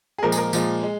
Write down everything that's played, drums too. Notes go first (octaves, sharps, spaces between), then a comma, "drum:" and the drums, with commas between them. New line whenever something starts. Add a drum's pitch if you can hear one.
G#4
A#2 F3 G#3 A#4
G#4, drum: tambourine
A#4
A#2 F3 G#3, drum: tambourine
G#3